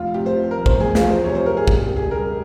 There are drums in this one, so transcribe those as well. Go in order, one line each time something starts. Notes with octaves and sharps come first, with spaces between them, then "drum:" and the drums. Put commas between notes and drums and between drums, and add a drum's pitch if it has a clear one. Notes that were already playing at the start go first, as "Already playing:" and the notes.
Already playing: F1 F4
C3 G4
C5
F3
A#4
F1
C5, drum: kick
E2 G#4
F4, drum: snare
F3
C5
C3 C#5
C5
C3 A#4
G#4
E1 G4, drum: kick
G4
C#3
G#4
G3 A#4